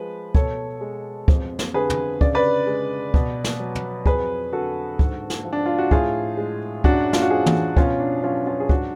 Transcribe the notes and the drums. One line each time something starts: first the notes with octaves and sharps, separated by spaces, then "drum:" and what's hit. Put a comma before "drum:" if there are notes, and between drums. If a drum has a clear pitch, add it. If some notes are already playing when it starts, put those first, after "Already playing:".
Already playing: F3 G#3 B4
B2 A4 C#5, drum: kick
G#3
F2, drum: kick
drum: snare
D3 G#4 B4
drum: tom
C#3 D5, drum: kick
B4 D5
G#3
B2, drum: kick
drum: snare
F#3
drum: tom
F2 G#4 B4, drum: kick
D3 F#4 A4
G#2, drum: kick
drum: snare
F3
D4
F4
F#4
A2 F4 G#4, drum: kick
G#3
F#2 D4 F#4, drum: kick
F4, drum: snare
F#4
F3 F4 G#4
drum: tom
B2 C#4 F4, drum: kick
D4
F#3 C#4 F4
C#4 F4
G#4
G#2 D4 F#4, drum: kick